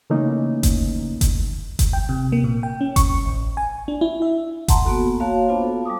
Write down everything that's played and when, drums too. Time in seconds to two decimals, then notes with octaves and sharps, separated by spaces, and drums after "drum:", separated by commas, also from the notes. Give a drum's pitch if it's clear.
0.10 C#3 E3 A3 A#3 C#4 D#4
0.63 drum: kick F#1, hi-hat
1.21 drum: kick F#1, hi-hat
1.79 drum: kick F#1, hi-hat
1.93 G5
2.09 C3
2.32 A#3
2.44 A#2
2.63 G5
2.81 C#4
2.96 C#6, drum: kick F#1, hi-hat
3.25 A1
3.57 G#5
3.88 D4
4.01 E4
4.22 E5
4.68 F#5 A5 A#5 C6, drum: kick F#1, hi-hat
4.85 A#3 B3 F#4 A4
5.20 A#3 F#4 C#5 F5 A5
5.48 B3 D4 F4 C5
5.63 A4
5.85 G3 A5 D6 D#6